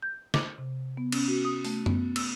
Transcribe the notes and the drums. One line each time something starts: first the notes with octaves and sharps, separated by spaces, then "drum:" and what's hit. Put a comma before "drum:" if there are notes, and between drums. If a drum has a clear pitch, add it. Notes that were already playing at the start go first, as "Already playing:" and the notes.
G6
D6, drum: snare
C3
B3
C#4, drum: cymbal
F#4
D#6
A3, drum: open hi-hat
B3, drum: tom F#2
E6, drum: cymbal